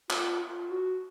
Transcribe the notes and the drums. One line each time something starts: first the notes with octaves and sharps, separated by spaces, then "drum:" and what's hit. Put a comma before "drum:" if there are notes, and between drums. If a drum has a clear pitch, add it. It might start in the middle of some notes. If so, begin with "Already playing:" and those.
F4, drum: clap
F4
F#4